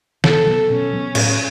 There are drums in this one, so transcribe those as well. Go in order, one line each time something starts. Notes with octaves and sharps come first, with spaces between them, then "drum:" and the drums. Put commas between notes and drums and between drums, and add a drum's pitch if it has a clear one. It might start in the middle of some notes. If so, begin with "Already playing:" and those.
B2 A4, drum: snare
F#3 B3
B2 C#4
F#3 B3
A2, drum: cymbal